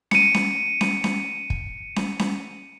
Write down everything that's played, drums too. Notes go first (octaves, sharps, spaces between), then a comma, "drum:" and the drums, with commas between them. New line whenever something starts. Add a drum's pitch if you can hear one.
C#7 D#7, drum: snare C#4
drum: snare C#4
drum: snare C#4
drum: snare C#4
drum: kick
drum: snare C#4
drum: snare C#4